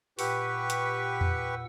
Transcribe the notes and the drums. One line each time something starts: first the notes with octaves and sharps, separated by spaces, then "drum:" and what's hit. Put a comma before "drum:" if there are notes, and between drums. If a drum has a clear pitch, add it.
A#2 G4 B4 F#5 C#6 E6, drum: open hi-hat
drum: hi-hat
drum: tom E2